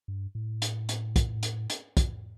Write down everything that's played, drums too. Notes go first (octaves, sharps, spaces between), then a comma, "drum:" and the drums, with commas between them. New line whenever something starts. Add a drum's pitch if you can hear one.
G2
A2
drum: hi-hat
drum: hi-hat
drum: kick, hi-hat
drum: hi-hat
drum: hi-hat
drum: kick, hi-hat